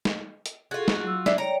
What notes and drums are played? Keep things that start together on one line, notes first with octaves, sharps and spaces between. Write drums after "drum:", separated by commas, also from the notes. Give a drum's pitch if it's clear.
drum: snare
drum: hi-hat
F4 F#4 G#4 A4
G#4, drum: snare
F#3 E6
D4 E4, drum: snare
C#5 D5 G5 A#5